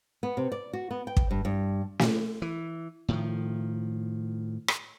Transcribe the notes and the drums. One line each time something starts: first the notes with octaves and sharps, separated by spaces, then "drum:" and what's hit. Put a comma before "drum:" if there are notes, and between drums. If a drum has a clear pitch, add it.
B3
C3
D5
F#4
B3
G5
drum: kick
G2
G2
drum: snare
E3
A2 D#3 F3
drum: rim click